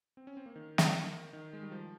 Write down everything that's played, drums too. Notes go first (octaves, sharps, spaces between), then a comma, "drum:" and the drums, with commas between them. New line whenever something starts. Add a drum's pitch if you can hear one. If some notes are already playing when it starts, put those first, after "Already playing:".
C4
C#4
C4
A#3
D#3
drum: snare
D#3
G#3
G3
F3